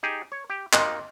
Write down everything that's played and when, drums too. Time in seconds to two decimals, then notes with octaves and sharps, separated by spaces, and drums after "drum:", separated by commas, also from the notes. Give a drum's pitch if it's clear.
0.03 D#4 G4 G#4
0.32 C#5
0.50 G4
0.73 A#3 D#4 D#5 C6 F#6, drum: clap